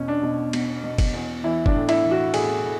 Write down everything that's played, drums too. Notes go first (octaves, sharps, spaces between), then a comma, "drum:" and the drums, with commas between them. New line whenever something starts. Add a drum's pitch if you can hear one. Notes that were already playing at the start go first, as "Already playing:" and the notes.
Already playing: E2 B2 C#4
D4
B2
B2, drum: cymbal
B2
drum: kick, cymbal
E2
E3 E4
D4, drum: kick
A2
E4, drum: cymbal
E3
F#4
A2 G#4, drum: cymbal
A2